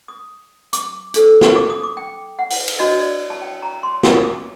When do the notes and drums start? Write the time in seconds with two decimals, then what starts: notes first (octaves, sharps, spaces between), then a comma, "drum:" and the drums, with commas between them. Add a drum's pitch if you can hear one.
0.08 D#6
0.73 D6, drum: hi-hat
1.14 D4 A4 C5, drum: hi-hat
1.41 drum: snare
1.56 D6
1.70 D#6
1.83 D6
1.97 G5
2.39 F#5
2.50 drum: open hi-hat
2.68 drum: cymbal
2.79 D4 F#4 C5 D#5
3.00 D5
3.30 A5
3.42 G5
3.62 A#5
3.83 C6
4.03 D#6, drum: snare
4.24 D6